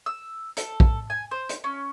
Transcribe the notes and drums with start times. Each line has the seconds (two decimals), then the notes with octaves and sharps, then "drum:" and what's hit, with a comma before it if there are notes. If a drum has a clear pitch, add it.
0.06 E6
0.57 A4, drum: hi-hat
0.80 drum: kick A#1
1.10 G#5
1.31 C5
1.49 drum: hi-hat
1.64 C#4